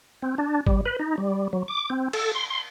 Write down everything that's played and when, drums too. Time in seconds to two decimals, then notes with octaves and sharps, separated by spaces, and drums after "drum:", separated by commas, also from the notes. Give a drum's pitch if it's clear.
0.22 C4
0.38 D4
0.67 G3, drum: kick
0.85 B4
1.00 D#4
1.18 G3
1.53 F#3
1.68 D6
1.90 C4
2.13 A4, drum: cymbal
2.35 C6
2.50 C6